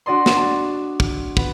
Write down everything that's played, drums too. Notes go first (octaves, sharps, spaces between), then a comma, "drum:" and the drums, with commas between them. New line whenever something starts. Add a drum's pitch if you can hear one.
D4 F#4 D5 D#5 C6
drum: snare
A5
drum: kick
B3, drum: kick